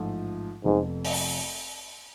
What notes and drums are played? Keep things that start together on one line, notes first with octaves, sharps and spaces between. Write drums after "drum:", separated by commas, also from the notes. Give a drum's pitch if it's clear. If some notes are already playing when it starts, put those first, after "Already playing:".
Already playing: A1 G#2 F3 A3 F4
F1 F2 G#2 F3 B3
drum: open hi-hat